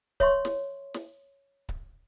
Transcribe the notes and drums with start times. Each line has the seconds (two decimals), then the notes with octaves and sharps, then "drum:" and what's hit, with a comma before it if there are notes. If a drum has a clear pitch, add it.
0.20 C#5 E5 C6 C#6, drum: kick C#1
0.45 drum: snare
0.94 drum: snare
1.69 drum: kick C#1